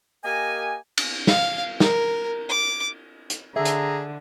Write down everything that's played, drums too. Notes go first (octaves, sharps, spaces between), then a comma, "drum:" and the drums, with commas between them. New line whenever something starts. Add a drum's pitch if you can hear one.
A#3 G4 A#4 D#5 G#5
drum: cymbal
F5, drum: snare
A#4, drum: snare
D6
drum: hi-hat
D3 G#4 E5 A#5
drum: hi-hat